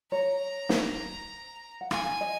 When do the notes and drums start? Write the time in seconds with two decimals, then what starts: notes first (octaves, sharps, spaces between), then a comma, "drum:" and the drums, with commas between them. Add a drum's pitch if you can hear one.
0.11 C#5 A#5
0.69 drum: snare
1.81 F#5
1.91 F5 G#5, drum: rim click
2.21 D#5